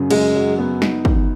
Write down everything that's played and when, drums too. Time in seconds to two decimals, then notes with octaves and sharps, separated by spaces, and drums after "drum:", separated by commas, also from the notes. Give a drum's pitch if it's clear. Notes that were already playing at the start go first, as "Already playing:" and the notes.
Already playing: F#2 C#3 F#3
0.11 F#2 G#3, drum: cymbal
0.35 F#3
0.58 B3
0.82 D#4, drum: snare
1.05 D#4, drum: kick